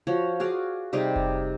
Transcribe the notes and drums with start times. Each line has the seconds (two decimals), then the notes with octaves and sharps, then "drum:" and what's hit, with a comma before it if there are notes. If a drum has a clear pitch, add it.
0.07 F3 F#4 C#5
0.40 F#4 G#4 D5 F5
0.93 C3 G3 D#4 G#4
1.16 drum: kick F1